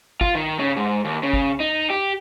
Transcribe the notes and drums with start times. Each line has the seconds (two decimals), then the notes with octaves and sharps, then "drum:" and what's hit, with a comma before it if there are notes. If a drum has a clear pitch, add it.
0.21 F4, drum: kick
0.35 D#3
0.59 C#3
0.77 G#2
1.05 D#2
1.23 C#3
1.33 drum: kick
1.60 D#4
1.90 G4